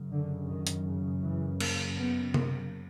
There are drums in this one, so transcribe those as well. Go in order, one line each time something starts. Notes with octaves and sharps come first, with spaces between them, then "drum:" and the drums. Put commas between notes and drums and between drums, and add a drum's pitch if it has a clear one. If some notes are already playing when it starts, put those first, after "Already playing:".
Already playing: F#2 C#3
D3
D#3
drum: hi-hat
E3
A#3, drum: cymbal
B3
A#3, drum: tom C3